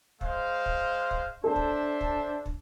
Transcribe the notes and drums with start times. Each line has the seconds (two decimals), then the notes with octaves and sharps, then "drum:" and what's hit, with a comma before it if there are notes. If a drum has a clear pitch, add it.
0.21 G#3 C5 F5, drum: kick
0.66 drum: kick
1.11 drum: kick
1.44 D4 A4 C5 E5 A5
1.56 drum: kick
2.01 drum: kick
2.46 drum: kick